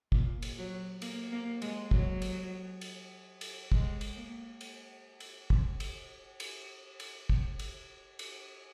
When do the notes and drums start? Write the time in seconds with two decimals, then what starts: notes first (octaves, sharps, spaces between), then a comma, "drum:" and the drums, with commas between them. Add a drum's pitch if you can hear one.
0.12 A#2, drum: kick
0.42 drum: cymbal
0.58 F#3
1.02 A#3, drum: cymbal
1.32 A#3
1.62 G#3, drum: cymbal
1.91 F#3, drum: kick
2.22 drum: cymbal
2.81 drum: cymbal
3.41 drum: cymbal
3.72 G#3, drum: kick
4.01 drum: cymbal
4.16 A#3
4.61 drum: cymbal
5.20 drum: cymbal
5.50 drum: kick
5.80 drum: cymbal
6.40 drum: cymbal
7.00 drum: cymbal
7.29 drum: kick
7.59 drum: cymbal
8.19 drum: cymbal